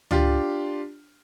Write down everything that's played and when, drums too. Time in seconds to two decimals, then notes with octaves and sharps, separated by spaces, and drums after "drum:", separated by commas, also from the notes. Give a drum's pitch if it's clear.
0.11 D4 F4 G4, drum: tom C#2